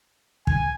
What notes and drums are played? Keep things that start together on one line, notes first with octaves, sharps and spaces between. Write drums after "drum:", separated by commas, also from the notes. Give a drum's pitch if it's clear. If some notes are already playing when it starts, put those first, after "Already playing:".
G#5, drum: kick